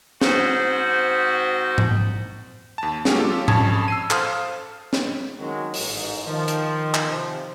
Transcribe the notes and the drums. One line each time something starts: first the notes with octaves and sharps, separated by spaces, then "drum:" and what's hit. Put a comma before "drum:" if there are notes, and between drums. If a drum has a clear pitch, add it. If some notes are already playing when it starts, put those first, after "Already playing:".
G#2 C4 F#4 C5, drum: snare
drum: tom G#2
D#2 A5
F#3 G#3 A#3 C#4 G4 G#4, drum: snare
F4 G4 A4
F2 C#4 C#5 A5 D#6 G#6, drum: tom G#2
E6 C7 D#7
A4 C5 F5 D#6 F6, drum: clap
drum: snare
D#3 F#3 G#3
A1 G#2, drum: open hi-hat
D#3 F3
drum: hi-hat
drum: clap
C3 F3